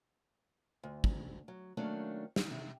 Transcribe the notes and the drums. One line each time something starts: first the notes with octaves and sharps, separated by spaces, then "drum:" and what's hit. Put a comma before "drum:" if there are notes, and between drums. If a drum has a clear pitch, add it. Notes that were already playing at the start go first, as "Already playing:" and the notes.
D2
drum: kick
F#3
D#3 F#3 A3 A#3 C#4 D4
drum: snare
C3